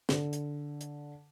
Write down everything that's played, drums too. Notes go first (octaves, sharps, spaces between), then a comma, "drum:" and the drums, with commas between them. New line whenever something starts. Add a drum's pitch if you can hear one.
D3, drum: snare
drum: hi-hat
drum: hi-hat